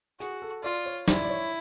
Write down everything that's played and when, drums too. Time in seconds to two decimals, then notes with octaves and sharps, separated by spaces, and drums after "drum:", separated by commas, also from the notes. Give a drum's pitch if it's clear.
0.20 F#4 G#4, drum: hi-hat
0.42 A4
0.63 F4 D5
0.86 C#5
1.08 E4 D5, drum: snare
1.24 D5
1.30 C#5